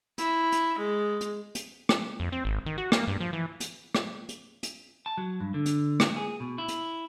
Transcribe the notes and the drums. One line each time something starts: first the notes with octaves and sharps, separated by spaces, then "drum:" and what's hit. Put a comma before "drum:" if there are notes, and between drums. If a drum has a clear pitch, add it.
E4, drum: hi-hat
drum: hi-hat
G#3
drum: hi-hat
drum: hi-hat
drum: rim click
F2
C4
G#1
D#3
F#4
A#3, drum: rim click
G2
F3
E3
drum: hi-hat
drum: rim click
drum: hi-hat
drum: hi-hat
A5
F#3
G2
D3
drum: hi-hat
drum: rim click
G#4
B2
E4
drum: hi-hat